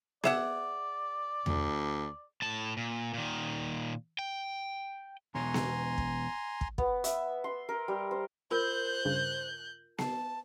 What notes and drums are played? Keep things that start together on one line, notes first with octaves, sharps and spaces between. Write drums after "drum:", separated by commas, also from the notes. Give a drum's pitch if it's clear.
G#4 D5 E5 F#5, drum: snare B3
D2, drum: tom E2
A2 A5
A#2
A#2 D#3
G5
E2 B2 C#5 G#5 A#5 C6
drum: snare B3
drum: kick
drum: kick
B3, drum: kick
E5, drum: hi-hat
C6
A#4
G3
C5
F4 A#4 C5 F#6 G6
G2 C#3
A5 C7, drum: snare B3